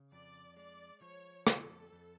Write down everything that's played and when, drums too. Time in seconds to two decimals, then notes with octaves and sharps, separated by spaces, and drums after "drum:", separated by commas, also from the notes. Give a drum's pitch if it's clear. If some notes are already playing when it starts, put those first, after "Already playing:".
Already playing: C#3
0.12 F2 D5
0.57 G#3 D5
1.02 F3 C#5
1.47 F2 A4, drum: rim click
1.92 F2